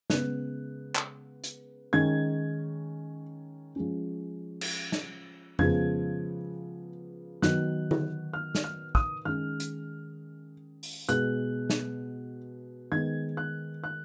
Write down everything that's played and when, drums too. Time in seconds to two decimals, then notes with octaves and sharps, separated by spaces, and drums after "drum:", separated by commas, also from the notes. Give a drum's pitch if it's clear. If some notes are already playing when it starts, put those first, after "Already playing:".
0.10 C#3 G#3 B3 F#6, drum: snare
0.95 drum: clap
1.44 drum: hi-hat
1.93 D#3 G#3 C#4 G#6
3.76 F3 G#3 C#4
4.61 drum: cymbal
4.92 drum: snare
5.59 C#3 F3 G#3 B3 G#6, drum: tom F2
7.42 D#3 F#3 B3 F#6, drum: snare
7.91 drum: tom
8.33 F6
8.55 drum: snare
8.64 F6
8.95 D#6, drum: kick
9.25 D#3 G#3 C#4 F6
9.60 drum: hi-hat
10.83 drum: open hi-hat
11.09 B2 G#3 B3 F#6, drum: hi-hat
11.70 drum: snare
12.92 D#3 G#3 B3 G#6
13.37 F#6
13.84 F#6